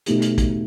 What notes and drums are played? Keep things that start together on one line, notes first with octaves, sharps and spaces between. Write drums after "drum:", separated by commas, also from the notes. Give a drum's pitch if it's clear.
B2 A3 D#4 G4, drum: hi-hat
drum: hi-hat
drum: kick, hi-hat